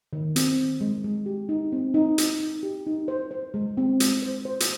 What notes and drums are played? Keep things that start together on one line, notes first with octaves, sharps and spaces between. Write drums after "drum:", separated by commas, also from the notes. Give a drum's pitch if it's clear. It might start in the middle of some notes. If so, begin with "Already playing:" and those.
D#3
C4, drum: hi-hat
D#3
G#3
G#3
G4
D#4
C4
D#4
D#4, drum: hi-hat
D#4
G4
D#4
C5
C5
G#3
C4
G#3, drum: hi-hat
C5
C5
drum: hi-hat